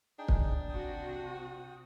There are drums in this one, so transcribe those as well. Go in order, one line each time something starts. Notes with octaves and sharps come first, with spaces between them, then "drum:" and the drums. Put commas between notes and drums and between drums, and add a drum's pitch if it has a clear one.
D4 D#4 G#4 G5
drum: kick
C3 F#4 G5 D#6